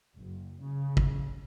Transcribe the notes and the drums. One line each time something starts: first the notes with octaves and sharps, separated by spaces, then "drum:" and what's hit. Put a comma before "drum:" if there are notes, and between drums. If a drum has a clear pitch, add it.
F#1
C#3
drum: kick